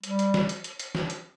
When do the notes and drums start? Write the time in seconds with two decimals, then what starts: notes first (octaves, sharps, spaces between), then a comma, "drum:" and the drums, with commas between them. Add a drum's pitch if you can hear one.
0.04 G3, drum: hi-hat
0.19 drum: hi-hat
0.34 drum: snare
0.49 drum: hi-hat
0.64 drum: hi-hat
0.80 drum: hi-hat
0.95 drum: snare
1.10 drum: hi-hat